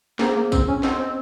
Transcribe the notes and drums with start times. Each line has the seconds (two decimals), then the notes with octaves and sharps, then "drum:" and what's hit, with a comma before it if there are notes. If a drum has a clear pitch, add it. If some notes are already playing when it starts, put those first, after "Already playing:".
0.19 A#3 G#4 C5 F#5 A#5, drum: snare
0.36 A#3
0.52 C4, drum: kick, tambourine
0.68 C#4
0.83 C4 D#5 F#5 C6, drum: snare
0.99 C4